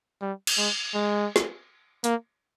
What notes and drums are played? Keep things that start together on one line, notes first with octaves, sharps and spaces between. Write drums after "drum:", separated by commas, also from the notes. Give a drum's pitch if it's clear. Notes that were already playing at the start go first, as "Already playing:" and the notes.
G3
drum: cymbal
G#3
G#3
drum: snare
A#3, drum: hi-hat